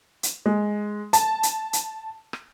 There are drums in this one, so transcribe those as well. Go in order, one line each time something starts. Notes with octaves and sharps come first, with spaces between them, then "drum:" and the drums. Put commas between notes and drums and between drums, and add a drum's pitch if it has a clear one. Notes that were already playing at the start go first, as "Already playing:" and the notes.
drum: hi-hat
G#3
A5, drum: hi-hat
drum: hi-hat
drum: hi-hat
drum: rim click